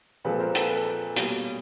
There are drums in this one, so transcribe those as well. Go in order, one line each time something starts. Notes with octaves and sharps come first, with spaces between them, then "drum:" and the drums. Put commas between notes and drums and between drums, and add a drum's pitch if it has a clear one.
A#2 F3 G#3 C4 A4 B4
A#4 C5
A4 B4, drum: hi-hat
A4 B4
B2 G3 A#3 C#4, drum: hi-hat